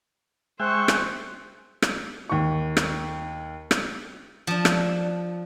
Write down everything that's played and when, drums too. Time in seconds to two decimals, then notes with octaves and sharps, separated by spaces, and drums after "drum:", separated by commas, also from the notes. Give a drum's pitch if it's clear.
0.60 G#3 C5 E5 G5 C#6 F#6
0.88 drum: rim click
1.82 drum: rim click
2.29 D#2 C#6
2.77 drum: rim click
3.71 drum: rim click
4.47 F3 D4
4.65 drum: rim click